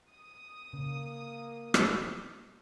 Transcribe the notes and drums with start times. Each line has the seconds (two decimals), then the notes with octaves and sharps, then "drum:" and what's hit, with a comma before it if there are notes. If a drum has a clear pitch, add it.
0.12 D#6
0.73 C#3 A#3
1.74 drum: rim click